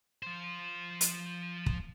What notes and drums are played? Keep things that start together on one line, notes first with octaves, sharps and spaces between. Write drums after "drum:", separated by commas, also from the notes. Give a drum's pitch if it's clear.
F3 C5
drum: hi-hat
drum: kick